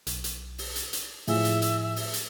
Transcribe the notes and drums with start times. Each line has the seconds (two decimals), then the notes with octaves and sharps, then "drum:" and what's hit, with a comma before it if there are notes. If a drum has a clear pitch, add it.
0.07 B1, drum: hi-hat
0.24 drum: hi-hat
0.58 drum: open hi-hat
0.76 drum: hi-hat
0.93 drum: hi-hat
1.27 A2 F3 F4 G#4 E5, drum: open hi-hat
1.45 drum: hi-hat
1.62 drum: hi-hat
1.96 drum: open hi-hat
2.13 drum: hi-hat